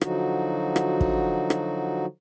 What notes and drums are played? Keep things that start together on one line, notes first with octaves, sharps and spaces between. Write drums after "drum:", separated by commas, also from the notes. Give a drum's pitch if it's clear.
D3 F3 F#3 D#4 F#4, drum: rim click
drum: rim click
drum: kick
drum: rim click